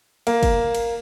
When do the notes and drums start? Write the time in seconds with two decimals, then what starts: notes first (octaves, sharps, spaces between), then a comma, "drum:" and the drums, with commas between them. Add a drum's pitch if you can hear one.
0.27 A#3, drum: cymbal
0.43 drum: kick, cymbal
0.75 drum: cymbal